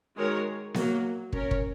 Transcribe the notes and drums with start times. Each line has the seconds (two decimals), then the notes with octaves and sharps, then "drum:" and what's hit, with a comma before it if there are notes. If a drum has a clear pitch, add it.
0.17 D#3 G#3 F#4 A#4 C#5
0.74 F#3 A#3 F#4, drum: snare B3
1.32 C#4 A#4 C#5, drum: kick
1.51 drum: kick